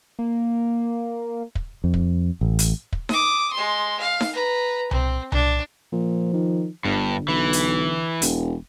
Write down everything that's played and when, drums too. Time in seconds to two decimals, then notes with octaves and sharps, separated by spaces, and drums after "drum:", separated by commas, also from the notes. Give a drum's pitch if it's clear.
0.19 A#3
1.55 drum: kick
1.84 F2
1.94 drum: kick
2.41 A1
2.59 drum: hi-hat
2.93 drum: kick
3.09 D6 D#6, drum: snare D#4
3.52 G#3 C6
4.00 F5
4.21 drum: snare D#4
4.34 B4 A#5
4.91 C4, drum: tom C2
5.32 D4, drum: tom C2
5.92 A#2 F3
6.34 D#3
6.85 G1 G2 D3
7.28 B1 E3
7.53 drum: hi-hat
8.22 E1, drum: hi-hat